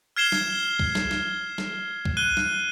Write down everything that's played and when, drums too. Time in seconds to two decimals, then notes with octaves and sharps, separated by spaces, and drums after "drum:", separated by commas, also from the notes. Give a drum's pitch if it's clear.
0.16 F6 G#6 C7 E7 G7
0.32 drum: snare
0.79 drum: kick C2
0.95 drum: snare
1.11 drum: snare
1.58 drum: snare
2.05 drum: kick C2
2.17 F#6 D#7 G7
2.37 drum: snare